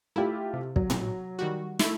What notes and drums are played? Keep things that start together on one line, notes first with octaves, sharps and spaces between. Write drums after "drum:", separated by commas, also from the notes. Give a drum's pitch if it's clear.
A3 E4 F4 G4
C3
F#3, drum: kick
drum: tom A2
D#3 G3 F#4
A3 E4, drum: snare